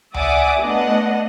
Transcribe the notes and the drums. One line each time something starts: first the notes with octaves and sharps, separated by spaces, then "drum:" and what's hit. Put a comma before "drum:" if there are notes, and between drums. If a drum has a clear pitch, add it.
D5 E5 F#5 G#5 D6 D#6, drum: tom C#2
A3 B3 D4 D#5 F#5